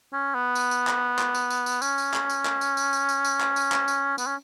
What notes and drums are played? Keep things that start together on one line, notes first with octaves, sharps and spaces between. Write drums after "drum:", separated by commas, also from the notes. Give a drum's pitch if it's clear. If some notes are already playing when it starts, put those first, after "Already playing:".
C#4
B3
drum: tambourine
drum: tambourine
drum: clap
drum: clap
drum: tambourine
drum: tambourine
drum: tambourine
C#4, drum: tambourine
drum: tambourine
drum: clap
drum: tambourine
drum: clap
drum: tambourine
drum: tambourine
drum: tambourine
drum: tambourine
drum: tambourine
drum: clap
drum: tambourine
drum: clap
drum: tambourine
B3, drum: tambourine
C#4